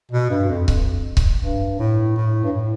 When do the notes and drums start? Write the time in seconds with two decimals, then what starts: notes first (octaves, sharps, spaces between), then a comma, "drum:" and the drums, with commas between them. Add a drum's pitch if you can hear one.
0.11 B2
0.30 G2
0.49 F2
0.68 F2, drum: kick C#1
1.17 drum: kick C#1
1.42 G2
1.79 A2
2.16 A2
2.44 G2
2.52 A2